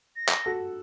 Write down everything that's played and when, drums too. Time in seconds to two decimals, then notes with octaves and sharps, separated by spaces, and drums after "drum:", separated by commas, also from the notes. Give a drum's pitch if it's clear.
0.16 A#6
0.29 drum: clap
0.46 F#4 A4